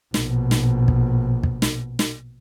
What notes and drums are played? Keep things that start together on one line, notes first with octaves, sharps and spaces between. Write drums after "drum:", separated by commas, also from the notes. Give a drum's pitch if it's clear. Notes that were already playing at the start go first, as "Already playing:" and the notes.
A#1 B2, drum: snare
drum: snare
drum: kick
drum: kick
drum: snare
drum: snare